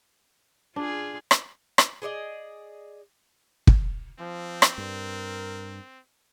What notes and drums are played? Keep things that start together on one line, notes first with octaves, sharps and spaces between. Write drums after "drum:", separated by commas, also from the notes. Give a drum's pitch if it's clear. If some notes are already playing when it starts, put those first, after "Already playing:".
D4 F4 G#4
drum: rim click
drum: rim click
G#4 C5 D5 D#5
drum: kick
F3 C4
drum: rim click
G2 A#4